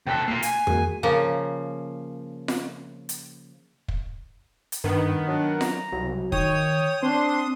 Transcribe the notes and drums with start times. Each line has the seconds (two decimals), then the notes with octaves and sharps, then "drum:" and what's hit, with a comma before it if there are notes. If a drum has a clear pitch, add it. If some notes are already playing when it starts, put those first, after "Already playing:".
0.07 C3 A4 G5 F#6 B6
0.28 A#3 F4 C7
0.42 G#5, drum: hi-hat
0.67 G#3 A#3 F#4, drum: tom F2
1.03 C#3 F3 A#3
2.48 drum: snare F4
3.09 drum: hi-hat
3.88 drum: kick
4.72 drum: hi-hat
4.84 G2 D#3 B3
5.28 F#3 D4
5.61 A#5, drum: snare F4
5.92 C2 F#3
6.32 D#3 C#5 G5 D#6, drum: kick
7.03 C4 D4 C5 C6